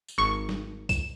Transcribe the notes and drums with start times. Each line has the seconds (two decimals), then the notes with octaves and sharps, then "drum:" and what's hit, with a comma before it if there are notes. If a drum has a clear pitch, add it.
0.08 drum: tambourine
0.18 G#1 C#6
0.49 drum: snare
0.89 E7, drum: kick, tambourine